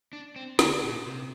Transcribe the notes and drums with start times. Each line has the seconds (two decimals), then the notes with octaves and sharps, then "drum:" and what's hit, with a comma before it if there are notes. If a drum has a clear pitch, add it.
0.13 D4
0.36 C4
0.59 D3, drum: snare
0.83 A#2
1.06 C3